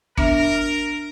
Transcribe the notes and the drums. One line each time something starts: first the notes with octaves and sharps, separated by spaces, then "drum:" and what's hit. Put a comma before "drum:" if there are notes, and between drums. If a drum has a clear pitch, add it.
B3 D4 A#4 E5, drum: kick